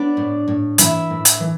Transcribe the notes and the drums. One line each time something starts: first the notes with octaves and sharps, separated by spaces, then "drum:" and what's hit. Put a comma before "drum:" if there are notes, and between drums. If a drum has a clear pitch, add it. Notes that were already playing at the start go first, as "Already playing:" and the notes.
Already playing: B3 D4 D5
A2
A2
E3 E4 E5, drum: hi-hat
A2
drum: hi-hat
E3